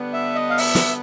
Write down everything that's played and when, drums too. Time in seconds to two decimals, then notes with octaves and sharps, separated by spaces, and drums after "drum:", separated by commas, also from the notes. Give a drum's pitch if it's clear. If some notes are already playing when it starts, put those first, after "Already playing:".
Already playing: D3 G3 B3 D4
0.13 E5
0.35 D#5
0.50 F5
0.58 E5, drum: open hi-hat
0.75 drum: snare